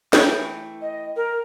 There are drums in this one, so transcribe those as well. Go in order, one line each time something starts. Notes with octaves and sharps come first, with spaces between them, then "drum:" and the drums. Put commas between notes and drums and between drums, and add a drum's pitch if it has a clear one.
E4 G#4 C#5 G5, drum: snare
E3 A3
D#5
A#4